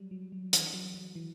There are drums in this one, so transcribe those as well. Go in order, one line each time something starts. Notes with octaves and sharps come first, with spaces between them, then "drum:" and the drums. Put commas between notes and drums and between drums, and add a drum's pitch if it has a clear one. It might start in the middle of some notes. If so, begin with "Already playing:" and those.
Already playing: F#3 G3
F#3
F#3
E3, drum: hi-hat
F#3
F#3
E3